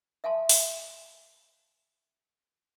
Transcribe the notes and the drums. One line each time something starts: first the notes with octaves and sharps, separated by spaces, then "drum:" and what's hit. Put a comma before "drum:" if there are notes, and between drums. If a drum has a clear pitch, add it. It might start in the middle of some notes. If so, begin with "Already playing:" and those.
E5 F5 G#5 A5 C6
drum: open hi-hat